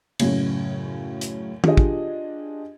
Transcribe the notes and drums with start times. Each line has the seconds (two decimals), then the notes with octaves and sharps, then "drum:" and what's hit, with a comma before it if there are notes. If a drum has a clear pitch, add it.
0.19 F#2 A2 C#3, drum: cymbal
1.21 drum: hi-hat
1.64 D4 F4 G4 G#4 D#5, drum: tom
1.77 drum: kick